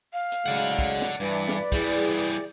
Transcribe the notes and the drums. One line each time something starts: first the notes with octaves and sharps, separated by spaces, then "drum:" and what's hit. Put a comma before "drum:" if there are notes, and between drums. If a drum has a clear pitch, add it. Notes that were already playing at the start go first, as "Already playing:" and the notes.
F5
drum: hi-hat
A2 C#3 F#3 G#3 D5 F#5
drum: hi-hat
drum: kick, hi-hat
drum: snare
G2 E3 B4 D5
drum: snare
E3 G3 E4 G#4, drum: kick, hi-hat
drum: hi-hat
drum: hi-hat